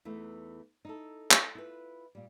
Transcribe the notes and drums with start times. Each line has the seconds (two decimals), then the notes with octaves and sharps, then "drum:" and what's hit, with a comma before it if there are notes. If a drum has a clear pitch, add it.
0.05 E2 E3 A3 D#4
0.85 D#4 E4 A4
1.31 drum: clap
1.55 E4 F4 B4
2.15 A#2 G3